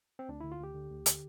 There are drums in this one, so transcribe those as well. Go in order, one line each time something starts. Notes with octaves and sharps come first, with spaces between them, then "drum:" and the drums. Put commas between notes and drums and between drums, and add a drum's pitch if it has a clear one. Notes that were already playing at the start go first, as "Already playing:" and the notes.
C4
D2 D4
D3 E4
F4
D2 G4
D3
D2
D3, drum: hi-hat